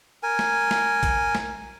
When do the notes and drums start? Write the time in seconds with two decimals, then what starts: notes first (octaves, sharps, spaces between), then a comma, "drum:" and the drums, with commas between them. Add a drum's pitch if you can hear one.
0.23 A#4 G#5
0.39 drum: snare
0.71 drum: snare
1.03 drum: kick A#1, hi-hat
1.35 drum: snare